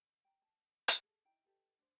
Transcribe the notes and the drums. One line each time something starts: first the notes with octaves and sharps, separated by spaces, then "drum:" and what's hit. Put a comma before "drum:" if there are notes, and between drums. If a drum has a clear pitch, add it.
G5 A#5
A5
drum: hi-hat
G#4 A4
D#4 E4 G5 A#5
D#4 G4 A4 B4
D4 C5